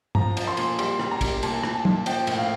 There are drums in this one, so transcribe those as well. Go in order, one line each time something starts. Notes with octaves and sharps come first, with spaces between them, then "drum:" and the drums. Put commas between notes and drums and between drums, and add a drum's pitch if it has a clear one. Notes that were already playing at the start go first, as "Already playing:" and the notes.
F3 A#5, drum: tom
F3, drum: cymbal
C6
A#2, drum: cymbal
G3 C6, drum: cymbal
G3, drum: rim click
A#5
G3, drum: kick, cymbal
A#2 A5, drum: cymbal
A#2, drum: rim click
A5
A#2, drum: tom
F3 G5, drum: cymbal
A2, drum: cymbal
F5